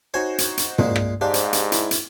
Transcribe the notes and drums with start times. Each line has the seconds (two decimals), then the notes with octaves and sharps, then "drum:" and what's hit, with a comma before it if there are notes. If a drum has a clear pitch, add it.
0.14 D#4 F#4 C5 C#5 G#5
0.38 drum: hi-hat
0.57 drum: hi-hat
0.78 A#2 G#3, drum: tom
0.96 drum: rim click
1.21 G#2 D4 G4 C5 F5
1.34 drum: hi-hat
1.53 drum: hi-hat
1.72 E4, drum: hi-hat
1.91 drum: hi-hat